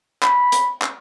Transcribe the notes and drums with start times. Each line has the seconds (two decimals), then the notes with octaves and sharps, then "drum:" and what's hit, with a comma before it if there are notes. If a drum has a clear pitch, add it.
0.23 B5, drum: clap
0.52 drum: hi-hat
0.82 drum: clap